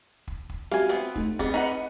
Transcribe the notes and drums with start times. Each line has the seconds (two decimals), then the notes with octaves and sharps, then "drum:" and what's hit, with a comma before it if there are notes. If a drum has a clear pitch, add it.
0.28 drum: kick
0.49 drum: kick
0.71 F#4 G4 E5 F5 G#5, drum: snare C4
0.89 B3 C4
1.15 A3 D#4, drum: kick
1.39 G3 B3 C4 G#4 D#5, drum: kick
1.54 D#4 B4 F#5